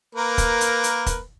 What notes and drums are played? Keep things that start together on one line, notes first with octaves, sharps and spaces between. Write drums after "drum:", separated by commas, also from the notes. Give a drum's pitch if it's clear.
A#3 A#4 B4
drum: kick, hi-hat
drum: hi-hat
drum: hi-hat
drum: kick, hi-hat